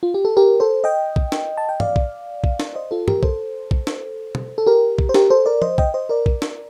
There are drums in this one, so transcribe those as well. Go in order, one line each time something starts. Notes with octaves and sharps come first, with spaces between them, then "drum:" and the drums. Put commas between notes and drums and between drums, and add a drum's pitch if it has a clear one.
F4
G4
A4
G4 A#4
A4 C5
D#5 G5
drum: kick
drum: snare
A5
G5
D5 F5, drum: tom
drum: kick
drum: kick
drum: snare
C5 D#5
F4 A4
G4 A#4, drum: tom
A4 C5, drum: kick
drum: kick
drum: snare
drum: tom B2
A4
G4 A#4
drum: kick
C5
G4 A#4, drum: snare
A4 C5
A#4 D5
C5 D#5, drum: tom
D#5 G5, drum: kick
C5 D#5
A#4 D5
drum: kick
drum: snare